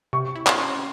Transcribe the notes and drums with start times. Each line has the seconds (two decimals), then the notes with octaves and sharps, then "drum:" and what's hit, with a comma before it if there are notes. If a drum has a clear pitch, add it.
0.13 C3 C#6
0.36 E4
0.47 C6, drum: clap
0.58 C#4